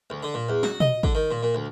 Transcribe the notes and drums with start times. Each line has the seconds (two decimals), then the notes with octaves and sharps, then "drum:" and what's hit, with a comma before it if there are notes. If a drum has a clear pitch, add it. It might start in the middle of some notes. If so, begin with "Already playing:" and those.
0.10 D2
0.23 D3
0.34 A#2
0.49 E2
0.63 F#4, drum: snare
0.80 D#5, drum: tom
1.03 D3, drum: kick
1.15 D#3
1.31 A#2
1.43 A#2
1.55 D2